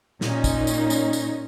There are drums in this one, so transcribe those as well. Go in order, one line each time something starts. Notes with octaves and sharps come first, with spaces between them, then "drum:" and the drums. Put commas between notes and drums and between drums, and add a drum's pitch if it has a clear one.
A#2 C#4 D#4, drum: snare
drum: kick, tambourine
drum: tambourine
drum: tambourine
drum: tambourine